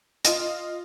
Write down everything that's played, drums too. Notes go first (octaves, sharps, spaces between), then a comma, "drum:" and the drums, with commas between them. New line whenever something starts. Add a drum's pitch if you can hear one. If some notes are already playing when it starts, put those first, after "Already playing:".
F4 D#5, drum: hi-hat